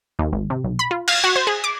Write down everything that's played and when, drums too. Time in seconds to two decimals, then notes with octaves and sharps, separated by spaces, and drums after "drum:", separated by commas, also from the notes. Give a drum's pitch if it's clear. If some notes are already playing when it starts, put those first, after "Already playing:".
0.19 D#2
0.33 G#1
0.50 C3
0.64 B1
0.79 B5
0.91 F4
1.08 F5, drum: cymbal
1.24 F#4
1.36 C5
1.47 G#4
1.64 D6